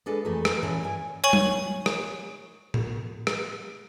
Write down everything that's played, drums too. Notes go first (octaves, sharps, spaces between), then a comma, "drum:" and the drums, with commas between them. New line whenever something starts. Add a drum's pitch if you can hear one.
G#3 D4 A4 B4
F2 E3 A3 G#4 A#4 A5
drum: rim click
A#2 E3 C#4 E4 A#4 A5
G2 G4 G#5
C#5 G#5 C#6 F#7
drum: tom F#3
drum: rim click
drum: tom A2
drum: rim click